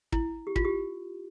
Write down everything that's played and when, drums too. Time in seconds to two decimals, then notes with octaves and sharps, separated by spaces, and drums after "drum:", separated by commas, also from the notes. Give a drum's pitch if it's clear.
0.12 E4, drum: kick
0.47 G4
0.56 F4, drum: kick
0.65 G4